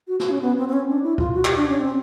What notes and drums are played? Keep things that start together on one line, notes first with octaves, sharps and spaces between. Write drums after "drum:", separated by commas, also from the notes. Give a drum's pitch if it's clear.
F#4
F#4, drum: snare
C#4
B3
C4
C4
C#4
D4
E4
F4, drum: kick C#2
F#4
G4, drum: clap
D4
C#4
C4